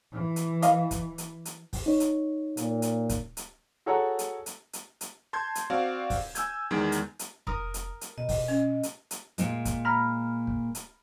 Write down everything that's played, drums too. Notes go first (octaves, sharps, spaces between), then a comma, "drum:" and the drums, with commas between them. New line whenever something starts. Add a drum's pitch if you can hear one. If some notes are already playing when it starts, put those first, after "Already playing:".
E3
drum: hi-hat
D#5 F5, drum: hi-hat
drum: kick, hi-hat
drum: hi-hat
drum: hi-hat
drum: kick, open hi-hat
D#4 C#5
drum: hi-hat
A#2, drum: hi-hat
drum: hi-hat
drum: kick, hi-hat
drum: hi-hat
F#4 G#4 A4 C#5 F#5 A#5
drum: hi-hat
drum: hi-hat
drum: hi-hat
drum: hi-hat
A5 C6 G6 G#6
drum: hi-hat
C4 F#4 D5 F5
drum: kick, open hi-hat
G#5 E6 G6 G#6, drum: hi-hat
E2 D#3 G#3
drum: hi-hat
drum: hi-hat
F1 A#4 D#6, drum: kick
drum: hi-hat
drum: hi-hat
B2 D#5
drum: kick, open hi-hat
C#4
drum: hi-hat
drum: hi-hat
A#2 G#3, drum: hi-hat
drum: kick, hi-hat
A#5 B5 F6
drum: kick
drum: hi-hat